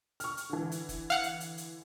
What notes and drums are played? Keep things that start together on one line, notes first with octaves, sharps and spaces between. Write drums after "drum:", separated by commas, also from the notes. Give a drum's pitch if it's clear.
C#6 F6, drum: hi-hat
drum: hi-hat
D3 E3
drum: hi-hat
drum: kick, hi-hat
F5 F#5 F#6
drum: hi-hat
drum: hi-hat
drum: hi-hat